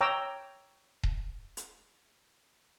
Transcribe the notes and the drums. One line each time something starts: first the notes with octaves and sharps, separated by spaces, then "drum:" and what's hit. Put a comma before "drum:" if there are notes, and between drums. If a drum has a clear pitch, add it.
C#5 G5 A#5 D6 E6
drum: kick D#1
drum: hi-hat